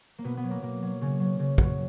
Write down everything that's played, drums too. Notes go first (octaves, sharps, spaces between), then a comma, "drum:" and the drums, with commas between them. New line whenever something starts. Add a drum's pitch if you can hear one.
A#3
B2 B3
B3
F#3
A#3
B2 A#3
F#3
C#3 C#4
F#3
C#3
F#3, drum: kick